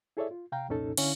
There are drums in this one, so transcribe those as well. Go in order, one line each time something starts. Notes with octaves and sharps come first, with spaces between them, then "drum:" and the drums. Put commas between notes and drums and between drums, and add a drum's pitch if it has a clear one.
E4 G#4 A4 C#5 D5 E5
F4
C3 F5 G5 A#5
C2 F2 A#2 C#4 D#4 A4
D3 C#4 E4 F5, drum: cymbal